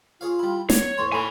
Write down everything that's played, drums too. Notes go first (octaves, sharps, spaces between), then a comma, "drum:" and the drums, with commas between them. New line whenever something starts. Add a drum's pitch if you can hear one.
F4 G#4 C#5 F5
G3 E4
F#3 B3 C#5, drum: snare
E2 A2 A5 C6 C#6
A2 A3 G#5 B5